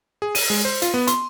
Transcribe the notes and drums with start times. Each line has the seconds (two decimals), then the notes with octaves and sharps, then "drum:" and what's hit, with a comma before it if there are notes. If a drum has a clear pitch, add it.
0.22 G#4
0.35 D#7, drum: open hi-hat
0.50 G#3
0.65 C5
0.82 F4, drum: hi-hat
0.94 B3
1.07 C6, drum: hi-hat